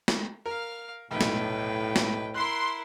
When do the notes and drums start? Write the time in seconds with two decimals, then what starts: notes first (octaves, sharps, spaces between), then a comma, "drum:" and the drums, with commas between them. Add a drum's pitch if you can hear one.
0.08 drum: snare
0.46 A#4 F5 F6
1.11 F1 B1 A2 B4 G5
1.21 drum: snare
1.96 drum: snare
2.34 E4 A#4 C6 F#6